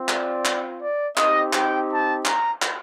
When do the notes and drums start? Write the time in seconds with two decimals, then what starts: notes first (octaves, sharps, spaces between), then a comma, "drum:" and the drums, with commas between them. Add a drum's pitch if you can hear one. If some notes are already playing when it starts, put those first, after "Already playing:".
Already playing: C4 F4
0.09 D5, drum: clap
0.45 drum: clap
0.81 D5
1.17 C4 D#4 G4 D#5, drum: clap
1.53 G5, drum: clap
1.90 A5
2.25 A#5, drum: clap
2.62 drum: clap